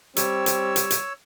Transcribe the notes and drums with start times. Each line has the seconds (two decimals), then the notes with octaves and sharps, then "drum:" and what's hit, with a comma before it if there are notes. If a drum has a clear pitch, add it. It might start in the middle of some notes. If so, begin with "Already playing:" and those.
0.16 G3 C4 C#5 E6, drum: hi-hat
0.46 drum: hi-hat
0.76 drum: hi-hat
0.90 drum: hi-hat